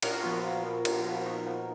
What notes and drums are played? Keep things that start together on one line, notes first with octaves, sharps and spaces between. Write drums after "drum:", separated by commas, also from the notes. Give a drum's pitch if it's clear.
A#2 F#4 A#4, drum: cymbal
F#4
F3 B3 F4
A#2
F3 B3
A#2, drum: cymbal
F3 B3
A#2 D#4 F#4
F3 B3 D#4